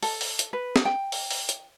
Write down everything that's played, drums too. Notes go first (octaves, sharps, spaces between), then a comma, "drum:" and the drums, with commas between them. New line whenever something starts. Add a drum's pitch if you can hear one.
A4, drum: open hi-hat
drum: open hi-hat
drum: hi-hat
B4
drum: snare
G5
drum: open hi-hat
drum: open hi-hat
drum: hi-hat